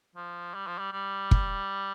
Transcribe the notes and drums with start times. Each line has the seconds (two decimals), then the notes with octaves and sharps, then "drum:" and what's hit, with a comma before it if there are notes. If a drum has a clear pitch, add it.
0.16 F3
0.54 G3
0.67 F3
0.79 G3
0.93 G3
1.31 drum: kick